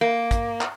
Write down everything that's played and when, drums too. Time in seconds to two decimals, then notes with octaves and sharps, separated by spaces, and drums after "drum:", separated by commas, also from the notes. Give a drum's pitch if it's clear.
0.01 A#3
0.31 drum: kick, hi-hat
0.61 drum: clap